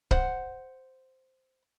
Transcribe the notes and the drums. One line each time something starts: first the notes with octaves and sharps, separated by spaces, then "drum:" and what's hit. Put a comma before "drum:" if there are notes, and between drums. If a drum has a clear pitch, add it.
C5 F#5, drum: kick C#1